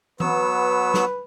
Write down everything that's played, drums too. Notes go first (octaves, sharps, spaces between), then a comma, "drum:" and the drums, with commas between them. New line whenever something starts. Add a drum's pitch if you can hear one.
F#3 B3 B4 E6, drum: tom E3
drum: snare